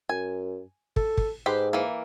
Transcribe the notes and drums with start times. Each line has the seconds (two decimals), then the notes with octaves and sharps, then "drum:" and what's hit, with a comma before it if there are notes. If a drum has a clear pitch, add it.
0.09 F#2 G#5
0.96 A4, drum: kick
1.17 drum: kick
1.46 G#2 G4 B4 C5
1.73 E3 A#3